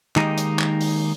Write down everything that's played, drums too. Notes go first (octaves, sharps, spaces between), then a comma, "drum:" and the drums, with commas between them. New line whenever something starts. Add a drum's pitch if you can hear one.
D#3 G#3 A#3 D#4 G4 D#5, drum: clap
drum: hi-hat
drum: clap
drum: open hi-hat